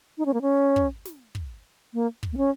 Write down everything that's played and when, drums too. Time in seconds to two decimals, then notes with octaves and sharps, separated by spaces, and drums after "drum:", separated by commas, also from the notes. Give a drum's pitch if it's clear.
0.18 D#4
0.26 C#4
0.34 A#3
0.42 C#4
0.76 drum: kick
1.05 drum: snare
1.35 drum: kick
1.94 A#3
2.23 drum: kick
2.33 A#3
2.37 C#4